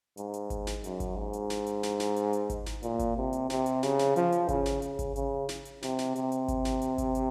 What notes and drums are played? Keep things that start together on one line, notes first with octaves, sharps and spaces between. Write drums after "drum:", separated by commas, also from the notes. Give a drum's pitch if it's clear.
G#2, drum: hi-hat
drum: hi-hat
drum: kick G#1, hi-hat
drum: snare
F#2, drum: hi-hat
drum: kick G#1, hi-hat
G#2
drum: hi-hat
drum: snare
drum: hi-hat
drum: snare
drum: snare
drum: hi-hat
drum: hi-hat
drum: kick G#1, hi-hat
drum: snare
A#2, drum: hi-hat
drum: kick G#1, hi-hat
C3
drum: hi-hat
C3, drum: snare
drum: hi-hat
C#3, drum: snare
drum: snare
F3, drum: hi-hat
drum: hi-hat
C#3, drum: kick G#1, hi-hat
drum: snare
C#3, drum: hi-hat
drum: kick G#1, hi-hat
C#3, drum: hi-hat
drum: snare
drum: hi-hat
C3, drum: snare
drum: snare
C3, drum: hi-hat
drum: hi-hat
drum: kick G#1, hi-hat
drum: snare
drum: hi-hat
drum: kick G#1, hi-hat
drum: hi-hat